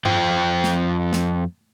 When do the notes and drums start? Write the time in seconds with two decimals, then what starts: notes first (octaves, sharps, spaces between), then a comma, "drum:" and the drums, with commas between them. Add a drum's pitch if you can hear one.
0.05 F2 F4 C5 G5, drum: tom G2
0.64 drum: snare
1.13 drum: snare